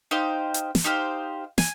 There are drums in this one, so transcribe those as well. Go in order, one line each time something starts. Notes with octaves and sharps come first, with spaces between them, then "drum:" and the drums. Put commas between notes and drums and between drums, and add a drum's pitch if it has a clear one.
D#4 G4 C5 F5
drum: hi-hat
drum: snare
D#4 G4 C5 F5
G#5, drum: snare